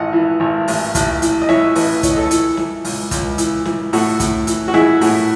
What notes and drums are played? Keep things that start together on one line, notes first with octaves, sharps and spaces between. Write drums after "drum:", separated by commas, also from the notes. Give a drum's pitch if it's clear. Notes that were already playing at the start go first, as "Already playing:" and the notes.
Already playing: G#1 E3 D#5 F#5
E3
G#1
A1, drum: open hi-hat
A1, drum: kick, hi-hat
E3, drum: hi-hat
D#5
E3 C#5 E5, drum: snare
A1 B4 D#5, drum: open hi-hat
E3 C#5, drum: kick, hi-hat
D#5
A4 C#5
E3, drum: hi-hat
E3, drum: snare
C#2, drum: open hi-hat
C#2, drum: kick, hi-hat
E3, drum: hi-hat
E3, drum: snare
A2 F#4 A4, drum: open hi-hat
A2, drum: kick, hi-hat
E3, drum: hi-hat
F#4
E3 E4 G#4, drum: snare
A2 F#4, drum: open hi-hat